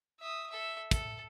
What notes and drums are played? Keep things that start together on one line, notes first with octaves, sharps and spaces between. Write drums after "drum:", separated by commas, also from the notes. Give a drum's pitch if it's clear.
E5 D#6
A4 E5
A4, drum: kick, hi-hat